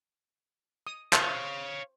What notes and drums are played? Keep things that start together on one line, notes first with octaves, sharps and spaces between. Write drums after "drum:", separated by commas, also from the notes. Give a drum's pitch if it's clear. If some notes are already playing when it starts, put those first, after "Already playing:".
D#6
C5 C#5 F5 C#6, drum: clap